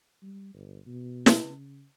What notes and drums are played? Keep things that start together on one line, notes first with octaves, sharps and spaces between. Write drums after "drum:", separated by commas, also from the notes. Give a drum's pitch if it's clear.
G3
G1
B2
drum: snare
C#3